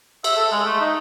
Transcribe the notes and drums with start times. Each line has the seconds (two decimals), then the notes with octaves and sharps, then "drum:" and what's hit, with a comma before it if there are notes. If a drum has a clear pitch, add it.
0.24 E5, drum: cymbal
0.37 A4
0.52 G#3
0.65 A3
0.80 D#4